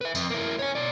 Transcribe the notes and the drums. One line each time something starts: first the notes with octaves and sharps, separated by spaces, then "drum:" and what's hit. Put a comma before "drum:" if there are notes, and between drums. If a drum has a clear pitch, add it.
B4 E5
F2, drum: tambourine
A#3 E4
C#5 G#5
B2 D5